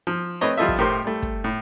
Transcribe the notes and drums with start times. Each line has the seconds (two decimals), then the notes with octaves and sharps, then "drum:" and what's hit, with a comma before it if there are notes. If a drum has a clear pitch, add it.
0.07 F3
0.41 A3 C4 B4 C#5 D#5
0.58 F3 G3 F4 A4 D#5 E5
0.68 drum: kick
0.79 A2 G4 A#4 C5 C6 F6
1.05 G3 A3
1.22 drum: kick
1.44 A2